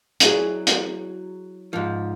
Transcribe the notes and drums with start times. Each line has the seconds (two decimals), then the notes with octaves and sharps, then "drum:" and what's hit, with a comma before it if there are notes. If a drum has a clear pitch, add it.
0.20 F#3 E4 G#4, drum: hi-hat
0.67 drum: hi-hat
1.73 G#2 F3